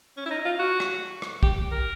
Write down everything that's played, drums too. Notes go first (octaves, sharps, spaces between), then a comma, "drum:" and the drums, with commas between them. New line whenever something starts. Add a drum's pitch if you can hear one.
C#4
E4
D#4
F4
F#4
drum: rim click
drum: rim click
G4, drum: kick
A#4